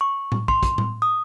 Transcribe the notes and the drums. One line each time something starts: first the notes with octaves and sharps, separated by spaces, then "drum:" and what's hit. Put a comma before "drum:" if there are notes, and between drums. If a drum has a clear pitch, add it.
C#6
drum: tom A2
C6, drum: kick
drum: kick, hi-hat
drum: tom A2
D#6